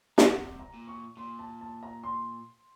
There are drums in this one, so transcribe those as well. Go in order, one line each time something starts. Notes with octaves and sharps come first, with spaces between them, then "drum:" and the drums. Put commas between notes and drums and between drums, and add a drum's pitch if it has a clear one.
C#3, drum: snare
C3 F#5
A#5
A#2
C#6
A#2 C6
A5
A5
A#5
C6